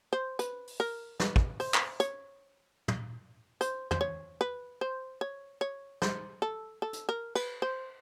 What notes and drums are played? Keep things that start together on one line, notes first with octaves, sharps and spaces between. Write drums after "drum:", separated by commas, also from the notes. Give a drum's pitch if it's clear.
C5
B4, drum: hi-hat
drum: open hi-hat
A#4
B4, drum: snare
drum: kick
C5, drum: open hi-hat
drum: clap
C#5, drum: hi-hat
drum: tom
C5, drum: hi-hat
C5, drum: tom
C#5
B4
C5
C#5
C#5
C5, drum: snare
A4
A4
drum: hi-hat
A#4
B4, drum: cymbal
C5